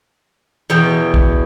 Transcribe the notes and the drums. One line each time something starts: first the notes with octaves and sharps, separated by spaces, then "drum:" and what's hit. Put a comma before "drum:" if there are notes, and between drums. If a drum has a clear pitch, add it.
E2 B2 G5
drum: kick B1